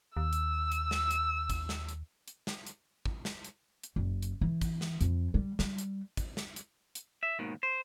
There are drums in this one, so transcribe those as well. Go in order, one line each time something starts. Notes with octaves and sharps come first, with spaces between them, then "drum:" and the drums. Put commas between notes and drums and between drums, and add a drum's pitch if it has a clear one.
D#2 E6
drum: hi-hat
drum: hi-hat
drum: snare
drum: hi-hat
drum: kick, hi-hat
drum: snare
drum: hi-hat
drum: hi-hat
drum: snare
drum: hi-hat
drum: kick
drum: snare
drum: hi-hat
drum: hi-hat
F#1
drum: hi-hat
E3
drum: kick, hi-hat
drum: snare
F2, drum: hi-hat
G3
G3, drum: snare
drum: hi-hat
drum: kick, hi-hat
drum: snare
drum: hi-hat
drum: hi-hat
E5
D#2 G#2 B2 D#3
C5